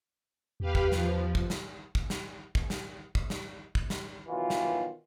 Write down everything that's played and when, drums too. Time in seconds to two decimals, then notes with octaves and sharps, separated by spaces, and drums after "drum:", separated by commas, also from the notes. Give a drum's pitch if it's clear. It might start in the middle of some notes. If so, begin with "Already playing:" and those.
0.60 E2 G4 B4 F5
0.75 drum: kick
0.92 F3, drum: snare
1.35 drum: kick
1.50 drum: snare
1.95 drum: kick
2.10 drum: snare
2.55 drum: kick
2.70 drum: snare
3.15 drum: kick
3.30 drum: snare
3.75 drum: kick
3.90 drum: snare
4.28 B2 D#3 E3 F#3 F4
4.50 drum: snare